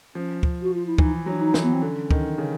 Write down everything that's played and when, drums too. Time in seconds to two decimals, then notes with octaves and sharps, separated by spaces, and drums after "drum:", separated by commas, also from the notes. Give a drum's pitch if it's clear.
0.15 F3 C#4
0.43 drum: kick
0.62 F#4
0.74 F4
0.87 E4
0.98 E3 D#4, drum: kick
1.26 F#3 D4
1.41 D#4
1.54 E3, drum: snare
1.63 B3
1.73 C4
1.82 D3 C#4
2.11 D#3, drum: kick
2.38 C#3